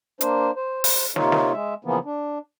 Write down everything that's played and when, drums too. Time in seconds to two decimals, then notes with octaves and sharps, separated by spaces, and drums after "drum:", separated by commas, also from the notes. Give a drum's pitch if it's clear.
0.21 A#3 D4 C5, drum: hi-hat
0.56 C5
0.84 drum: open hi-hat
1.16 C3 A#3 D#4 F4 C#5, drum: snare
1.32 drum: snare
1.53 G#3 E5
1.84 C#3 E3 F3 A#3 B3
2.04 D4